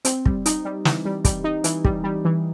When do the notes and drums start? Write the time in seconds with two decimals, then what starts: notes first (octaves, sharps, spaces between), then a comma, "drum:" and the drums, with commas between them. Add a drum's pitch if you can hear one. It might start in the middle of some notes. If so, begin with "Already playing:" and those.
0.05 C4, drum: hi-hat
0.26 G3, drum: kick
0.46 D#4, drum: hi-hat
0.65 G3
0.85 E3, drum: snare
1.05 G3
1.25 G3, drum: kick, hi-hat
1.44 D#4
1.64 E3, drum: hi-hat
1.85 G3, drum: kick
2.04 G3
2.25 E3